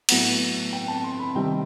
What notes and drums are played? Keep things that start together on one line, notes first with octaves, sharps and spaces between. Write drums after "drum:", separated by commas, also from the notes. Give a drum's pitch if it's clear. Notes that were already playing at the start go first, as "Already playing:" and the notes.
A2 F#3 B3 F#5, drum: cymbal
G5
A5
C6
B5
C3 D#3 G3 C4 G5